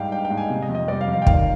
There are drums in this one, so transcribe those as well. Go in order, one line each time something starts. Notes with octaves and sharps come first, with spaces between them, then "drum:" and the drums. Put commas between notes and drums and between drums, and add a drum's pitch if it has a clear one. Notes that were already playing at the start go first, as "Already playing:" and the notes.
Already playing: G#2 G3 F5 G5
D4 G5
G5
G#2
G#5
C3
D#5
F2
D#5
G3 D5
F5
F2
F5
G5
D#3 F5, drum: kick